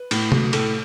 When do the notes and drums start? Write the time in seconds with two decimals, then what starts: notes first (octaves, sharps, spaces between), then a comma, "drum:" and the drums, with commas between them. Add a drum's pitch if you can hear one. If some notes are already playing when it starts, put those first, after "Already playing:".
Already playing: B4
0.11 A2, drum: cymbal
0.32 F#3 A3, drum: tom C3
0.53 A2 A4, drum: cymbal